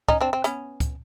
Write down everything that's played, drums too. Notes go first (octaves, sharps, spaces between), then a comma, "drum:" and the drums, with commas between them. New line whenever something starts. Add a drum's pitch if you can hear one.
C#4 D#4, drum: kick
C4 D4
C4
B3 C#4, drum: hi-hat
drum: kick, hi-hat